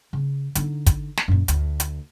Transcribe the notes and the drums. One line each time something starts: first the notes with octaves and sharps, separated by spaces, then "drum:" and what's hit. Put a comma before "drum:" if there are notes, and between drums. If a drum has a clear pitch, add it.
C#3
D3 D#4, drum: hi-hat
drum: kick, hi-hat
drum: snare
F#2 A#2
D2, drum: hi-hat
drum: hi-hat